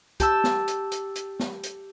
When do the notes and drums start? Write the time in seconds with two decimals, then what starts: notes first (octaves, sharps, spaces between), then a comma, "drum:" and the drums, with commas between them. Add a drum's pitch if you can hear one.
0.20 G4 A5 E6, drum: kick, hi-hat
0.44 drum: snare
0.68 drum: hi-hat
0.92 drum: hi-hat
1.16 drum: hi-hat
1.40 drum: snare
1.64 drum: hi-hat